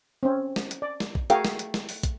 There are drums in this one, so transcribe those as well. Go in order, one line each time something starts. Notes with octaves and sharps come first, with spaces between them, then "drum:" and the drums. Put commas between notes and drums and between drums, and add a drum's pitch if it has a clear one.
C4 C#4
drum: snare
drum: hi-hat
D5
drum: snare
drum: kick
A3 F#4 G#4 A#4 F5 G5, drum: hi-hat
drum: snare
drum: hi-hat
drum: snare
drum: open hi-hat
drum: kick, hi-hat